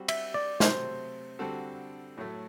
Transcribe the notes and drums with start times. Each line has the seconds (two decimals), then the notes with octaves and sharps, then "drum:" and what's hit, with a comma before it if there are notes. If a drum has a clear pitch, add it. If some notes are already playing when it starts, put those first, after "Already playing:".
Already playing: G3 C4 F#4
0.08 E5, drum: cymbal
0.34 D5
0.60 C3 F#3 A3 C4 C5, drum: snare
1.39 D3 G3 C4 F#4 A4
2.17 A2 F#3 A3